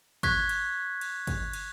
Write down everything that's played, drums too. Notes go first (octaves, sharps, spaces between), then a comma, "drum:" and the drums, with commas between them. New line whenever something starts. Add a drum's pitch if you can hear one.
C#6 F#6 G#6 B6, drum: kick, cymbal
drum: cymbal
drum: cymbal
drum: kick, cymbal
drum: cymbal